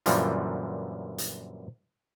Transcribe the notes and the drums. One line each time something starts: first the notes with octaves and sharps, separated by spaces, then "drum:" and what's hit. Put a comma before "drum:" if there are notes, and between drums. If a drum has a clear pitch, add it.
F#2 A#2 D3 E3 F3 G3, drum: hi-hat
drum: hi-hat